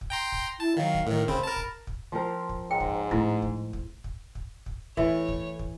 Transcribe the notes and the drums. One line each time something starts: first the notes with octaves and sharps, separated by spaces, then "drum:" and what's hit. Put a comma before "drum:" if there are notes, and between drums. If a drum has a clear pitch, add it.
drum: kick
G5 A#5 C6
drum: kick
E4 A5
D#3 F#3 F5
drum: kick
A2 D#3 A#4
C#3 C4 B5, drum: kick
A#4 A5
drum: kick
drum: kick
F3 C4 A#4 A5 C6
drum: kick
G#2 C#5 F#5 G5 A#5
drum: kick
A2 G#3 A3 E4, drum: kick
drum: kick
drum: kick
drum: kick
drum: kick
drum: kick
E3 A3 E4 C#5, drum: kick
drum: kick
drum: kick